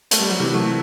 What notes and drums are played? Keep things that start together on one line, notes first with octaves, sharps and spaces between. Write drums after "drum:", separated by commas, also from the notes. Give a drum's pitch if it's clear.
A3, drum: hi-hat
G3
F#3
C3 E3
F#3 A3